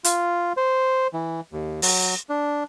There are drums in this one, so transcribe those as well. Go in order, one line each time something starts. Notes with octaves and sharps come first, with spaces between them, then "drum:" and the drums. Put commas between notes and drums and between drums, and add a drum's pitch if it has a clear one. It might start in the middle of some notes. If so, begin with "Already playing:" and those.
F4, drum: hi-hat
C5
E3
D#2
F#3, drum: open hi-hat
D4